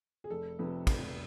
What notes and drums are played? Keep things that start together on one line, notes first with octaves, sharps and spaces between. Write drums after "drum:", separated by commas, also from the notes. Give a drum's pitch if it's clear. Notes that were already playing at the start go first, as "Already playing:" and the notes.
G#4
F1 A4
F2 C3 B4
F1, drum: kick, cymbal